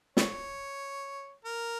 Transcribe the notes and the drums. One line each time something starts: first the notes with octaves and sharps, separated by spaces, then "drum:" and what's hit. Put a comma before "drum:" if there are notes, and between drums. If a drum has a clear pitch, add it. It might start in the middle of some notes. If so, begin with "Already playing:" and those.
C#5, drum: snare
A#4